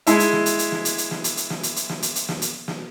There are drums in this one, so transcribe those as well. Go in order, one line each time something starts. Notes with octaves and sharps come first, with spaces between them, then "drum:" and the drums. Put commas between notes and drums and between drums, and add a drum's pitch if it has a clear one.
G#3 E4 E5, drum: hi-hat
drum: hi-hat
drum: snare
drum: hi-hat
drum: hi-hat
drum: snare
drum: hi-hat
drum: hi-hat
drum: snare
drum: hi-hat
drum: hi-hat
drum: snare
drum: hi-hat
drum: hi-hat
drum: snare
drum: hi-hat
drum: hi-hat
drum: snare
drum: hi-hat
drum: snare